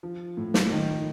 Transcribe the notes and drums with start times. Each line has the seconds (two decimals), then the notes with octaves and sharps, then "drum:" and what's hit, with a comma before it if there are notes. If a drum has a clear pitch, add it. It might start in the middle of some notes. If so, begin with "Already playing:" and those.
0.03 F3
0.37 A2
0.54 drum: snare
0.71 D#3